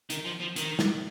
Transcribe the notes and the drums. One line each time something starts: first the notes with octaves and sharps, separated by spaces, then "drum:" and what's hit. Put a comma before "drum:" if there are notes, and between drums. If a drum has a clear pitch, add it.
D#3, drum: hi-hat
F3
F3
D#3, drum: hi-hat
drum: snare